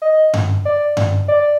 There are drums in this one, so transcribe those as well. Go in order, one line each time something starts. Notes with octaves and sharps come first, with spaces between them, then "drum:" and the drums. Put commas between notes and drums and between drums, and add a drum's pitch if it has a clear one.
D#5
drum: tom G2
D5
drum: tom G2
D5